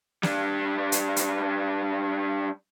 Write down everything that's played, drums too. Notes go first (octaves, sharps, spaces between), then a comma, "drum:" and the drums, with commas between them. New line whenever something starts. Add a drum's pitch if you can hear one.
G3 D4, drum: snare
drum: hi-hat
drum: hi-hat